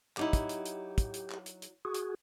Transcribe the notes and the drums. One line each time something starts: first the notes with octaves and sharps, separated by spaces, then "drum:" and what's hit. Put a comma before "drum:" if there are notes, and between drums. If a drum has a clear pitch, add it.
F#3 D#4 E4 G4, drum: clap
drum: kick, hi-hat
drum: hi-hat
drum: hi-hat
drum: kick, hi-hat
drum: hi-hat
drum: clap
drum: hi-hat
drum: hi-hat
F#4 G#4
drum: hi-hat